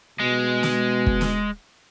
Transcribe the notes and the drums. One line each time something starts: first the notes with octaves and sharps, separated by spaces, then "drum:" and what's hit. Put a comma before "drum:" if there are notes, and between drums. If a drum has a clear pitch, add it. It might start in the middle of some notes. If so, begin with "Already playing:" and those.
B2 G#3
drum: snare
drum: kick
drum: snare